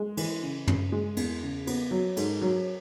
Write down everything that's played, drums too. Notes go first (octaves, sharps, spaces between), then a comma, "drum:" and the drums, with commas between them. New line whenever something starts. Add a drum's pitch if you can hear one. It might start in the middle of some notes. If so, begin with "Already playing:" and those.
Already playing: G#3
E3, drum: cymbal
C#3
C#3, drum: tom
G#3
E2, drum: cymbal
C#3
B3, drum: cymbal
F#3
G#2, drum: cymbal
F#3